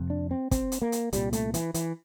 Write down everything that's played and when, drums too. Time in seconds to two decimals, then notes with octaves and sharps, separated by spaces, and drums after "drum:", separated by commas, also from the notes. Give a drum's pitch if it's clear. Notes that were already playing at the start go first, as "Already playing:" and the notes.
Already playing: F2 C3
0.10 D4
0.31 C4
0.51 C4, drum: kick, hi-hat
0.72 drum: hi-hat
0.82 A#3
0.92 drum: hi-hat
1.13 C2 A#2 G3, drum: hi-hat
1.33 A3, drum: hi-hat
1.54 E3, drum: hi-hat
1.74 E3, drum: hi-hat